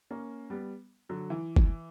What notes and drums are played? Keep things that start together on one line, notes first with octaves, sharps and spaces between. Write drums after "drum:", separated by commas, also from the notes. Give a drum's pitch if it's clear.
A#3 C#4
G3 B3
D3 F#3
E3
drum: kick F#1